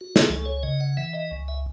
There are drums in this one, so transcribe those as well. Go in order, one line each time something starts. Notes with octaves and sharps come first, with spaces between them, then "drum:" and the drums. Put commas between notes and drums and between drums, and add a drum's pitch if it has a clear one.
F#4
G#4, drum: snare
C#2 A4
C#5
C#3 D#5
F#5
E3 E5
D#5
C#2
E5